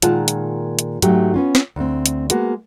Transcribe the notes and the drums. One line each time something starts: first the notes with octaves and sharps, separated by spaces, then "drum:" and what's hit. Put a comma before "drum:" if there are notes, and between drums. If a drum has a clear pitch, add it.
A#2 D#3 G#3 F4 F#5 A5, drum: hi-hat
drum: hi-hat
drum: hi-hat
G#2 F#3 G#3 A3 G4, drum: hi-hat
B3 C#4 F4
drum: snare
D2 C4
drum: hi-hat
G#3 A#3 B3 F#4, drum: hi-hat